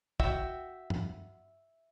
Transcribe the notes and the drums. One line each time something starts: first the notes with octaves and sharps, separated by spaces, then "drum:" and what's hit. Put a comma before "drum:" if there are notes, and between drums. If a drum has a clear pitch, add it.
F#4 E5 G5, drum: kick
drum: tom G2